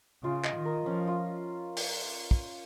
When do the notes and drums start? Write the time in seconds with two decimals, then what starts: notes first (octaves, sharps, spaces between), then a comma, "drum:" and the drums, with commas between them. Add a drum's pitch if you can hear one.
0.23 C#3 F4
0.44 D#5, drum: clap
0.55 D#3
0.65 A#4
0.86 F3 C#4
1.07 F4
1.77 drum: open hi-hat
2.31 drum: kick